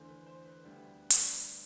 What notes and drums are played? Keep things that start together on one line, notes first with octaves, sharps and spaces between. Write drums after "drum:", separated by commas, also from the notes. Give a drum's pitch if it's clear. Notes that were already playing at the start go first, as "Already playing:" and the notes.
Already playing: E2 D3 A3 C5
B4
C5
B4
D2 D3 G3 B3
drum: hi-hat